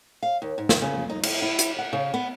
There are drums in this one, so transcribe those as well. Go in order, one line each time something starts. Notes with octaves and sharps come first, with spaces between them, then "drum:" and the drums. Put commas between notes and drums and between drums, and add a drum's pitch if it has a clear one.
F5
D#2
G#2
D#3, drum: snare
C#3
D#4
E4, drum: cymbal
E4
drum: hi-hat
F#5
C#3
B3